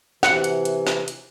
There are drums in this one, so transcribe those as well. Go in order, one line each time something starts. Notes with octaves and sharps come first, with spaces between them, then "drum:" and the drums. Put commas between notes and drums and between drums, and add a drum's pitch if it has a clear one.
C3 E3 F#5, drum: snare
drum: hi-hat
drum: hi-hat
drum: snare
drum: hi-hat